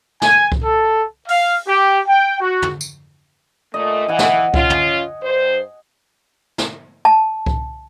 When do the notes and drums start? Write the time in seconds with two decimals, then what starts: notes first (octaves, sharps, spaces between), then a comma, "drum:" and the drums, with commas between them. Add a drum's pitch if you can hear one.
0.22 G#5, drum: snare
0.52 drum: kick C2
0.63 A4
1.28 F5, drum: open hi-hat
1.67 G4
2.08 G5
2.41 F#4
2.62 drum: tom
2.81 drum: tambourine
3.74 A#2 A3 D#5
4.08 E3 F#5 G#5
4.19 drum: snare
4.54 C#4 F4, drum: kick C2
4.70 drum: tom
5.22 G2 C5
6.58 drum: snare
7.05 A5
7.46 drum: kick C2